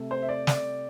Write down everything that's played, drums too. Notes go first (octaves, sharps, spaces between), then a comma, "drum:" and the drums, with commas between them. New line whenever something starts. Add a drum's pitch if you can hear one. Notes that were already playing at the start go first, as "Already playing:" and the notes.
Already playing: C3 A3
C5
E5
D5
D5, drum: snare